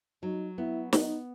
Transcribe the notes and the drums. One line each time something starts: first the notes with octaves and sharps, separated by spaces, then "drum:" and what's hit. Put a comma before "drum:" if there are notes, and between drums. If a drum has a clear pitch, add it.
F#3 D#4
B3 E4
B3 D#4, drum: snare